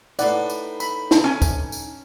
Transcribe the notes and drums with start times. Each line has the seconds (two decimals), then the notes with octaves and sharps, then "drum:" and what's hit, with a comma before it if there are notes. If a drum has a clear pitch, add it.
0.19 A2 D#4 B4 D5 F#5, drum: tambourine
0.50 drum: tambourine
0.80 B5, drum: tambourine
1.11 drum: snare
1.24 C#4 G#5
1.42 drum: kick, tambourine
1.72 drum: tambourine